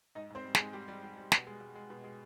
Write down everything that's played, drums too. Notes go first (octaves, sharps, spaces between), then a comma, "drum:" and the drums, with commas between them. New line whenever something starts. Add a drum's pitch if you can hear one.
G#2 D#4 D#5
G#2 C4 C5
G3
G#3 G#4, drum: snare
G#2
G3 G4
G3
G3
G3
B2, drum: snare
G#3
G#3
G#3
B2
G#3